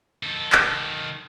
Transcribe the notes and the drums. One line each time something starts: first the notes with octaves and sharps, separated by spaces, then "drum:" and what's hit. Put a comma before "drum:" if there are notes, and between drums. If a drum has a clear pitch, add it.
D#3 A4
drum: clap